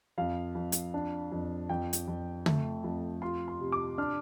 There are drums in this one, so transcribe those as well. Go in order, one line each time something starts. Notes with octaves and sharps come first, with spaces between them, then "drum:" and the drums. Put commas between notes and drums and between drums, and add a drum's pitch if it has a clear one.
F2 F5
F2
drum: hi-hat
D4
F2
F2 G5
drum: hi-hat
F2
A3, drum: tom
F2
F4 C6
C6
C3
D6
D4 F6